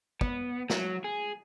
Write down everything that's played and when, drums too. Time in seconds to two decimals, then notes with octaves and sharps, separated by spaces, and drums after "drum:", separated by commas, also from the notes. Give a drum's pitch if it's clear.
0.21 B3, drum: kick
0.70 F#3, drum: snare
1.04 G#4